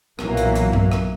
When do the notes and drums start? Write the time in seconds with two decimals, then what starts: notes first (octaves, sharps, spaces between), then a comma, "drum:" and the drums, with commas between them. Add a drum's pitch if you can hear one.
0.19 B1 A#2 E3 F#3 A#3, drum: rim click
0.37 drum: hi-hat
0.55 drum: hi-hat
0.73 drum: tom G2
0.92 drum: rim click